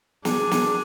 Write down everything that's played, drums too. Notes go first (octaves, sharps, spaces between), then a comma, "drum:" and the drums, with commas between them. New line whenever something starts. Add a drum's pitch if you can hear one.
D4 G#4, drum: snare
drum: snare